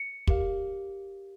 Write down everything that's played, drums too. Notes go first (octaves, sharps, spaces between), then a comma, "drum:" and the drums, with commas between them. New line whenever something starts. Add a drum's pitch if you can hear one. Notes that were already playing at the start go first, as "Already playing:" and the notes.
Already playing: C#7
G4 A#4 F5, drum: kick